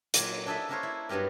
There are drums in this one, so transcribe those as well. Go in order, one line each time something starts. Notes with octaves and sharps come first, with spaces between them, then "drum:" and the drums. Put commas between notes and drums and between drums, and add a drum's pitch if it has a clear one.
A#2 F#3 A#3 G5, drum: hi-hat
D4 G#4 A4 D#5 E5 B5
A#3 D4 A4 A#4 C5 C#5
E4
G2 F#3 B3 G4 A#4